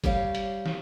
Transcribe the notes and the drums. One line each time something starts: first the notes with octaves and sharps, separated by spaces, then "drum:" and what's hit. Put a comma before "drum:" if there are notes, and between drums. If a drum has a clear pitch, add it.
G3 G4 C#5 F5, drum: kick, hi-hat
drum: hi-hat
drum: snare